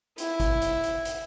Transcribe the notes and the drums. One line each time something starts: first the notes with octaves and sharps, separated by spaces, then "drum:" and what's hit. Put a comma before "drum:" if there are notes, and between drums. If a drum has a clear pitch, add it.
E4, drum: hi-hat
drum: kick G#1, hi-hat
drum: hi-hat
drum: hi-hat
drum: hi-hat